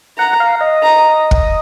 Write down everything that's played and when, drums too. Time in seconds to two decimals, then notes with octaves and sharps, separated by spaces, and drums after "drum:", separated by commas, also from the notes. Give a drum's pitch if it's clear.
0.18 F#5 A#5
0.40 F5
0.61 D#5
0.83 A#5
1.31 drum: kick